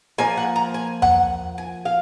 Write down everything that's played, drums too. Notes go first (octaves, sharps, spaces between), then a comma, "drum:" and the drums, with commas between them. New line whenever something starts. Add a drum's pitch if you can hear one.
F3 A#3 G#5
F#5
A#5
G#5
F#5, drum: tom E2
G#5
F5